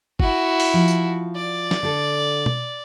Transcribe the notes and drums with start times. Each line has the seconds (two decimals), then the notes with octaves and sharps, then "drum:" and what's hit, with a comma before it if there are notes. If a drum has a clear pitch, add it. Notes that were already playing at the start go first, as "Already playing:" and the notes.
0.20 E4 F#4, drum: kick
0.60 drum: open hi-hat
0.74 F3
0.88 drum: tambourine
1.36 D5
1.71 drum: snare
1.83 D3 A4
2.46 drum: tom B2